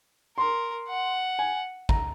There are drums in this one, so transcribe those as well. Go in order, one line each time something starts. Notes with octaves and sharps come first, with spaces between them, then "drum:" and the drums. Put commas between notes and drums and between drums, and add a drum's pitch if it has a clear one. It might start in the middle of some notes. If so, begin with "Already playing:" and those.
A#4 C6
F#5
G#5
A#5, drum: kick